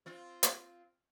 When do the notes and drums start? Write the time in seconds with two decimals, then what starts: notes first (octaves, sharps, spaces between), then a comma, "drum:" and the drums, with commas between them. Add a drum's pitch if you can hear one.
0.06 C4 F4
0.43 drum: hi-hat